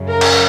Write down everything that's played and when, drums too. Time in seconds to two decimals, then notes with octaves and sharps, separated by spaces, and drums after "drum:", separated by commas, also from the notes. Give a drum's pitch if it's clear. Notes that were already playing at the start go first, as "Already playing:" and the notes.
Already playing: F#2 C#3
0.10 A#4
0.21 drum: cymbal